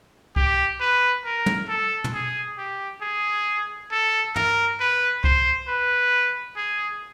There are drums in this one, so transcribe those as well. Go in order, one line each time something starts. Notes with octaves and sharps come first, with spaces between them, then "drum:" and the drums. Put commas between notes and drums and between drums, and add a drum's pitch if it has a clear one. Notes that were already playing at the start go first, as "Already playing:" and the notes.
G4, drum: kick C2
B4
A#4
drum: tom
A4
drum: tom
G#4
G4
G#4
A4
A#4, drum: tom
B4
C5, drum: kick C2
B4
G#4